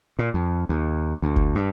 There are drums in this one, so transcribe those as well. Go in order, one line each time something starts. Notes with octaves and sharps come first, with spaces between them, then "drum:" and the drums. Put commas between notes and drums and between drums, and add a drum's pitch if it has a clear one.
A#2
F2
D#2
D2
drum: kick
G2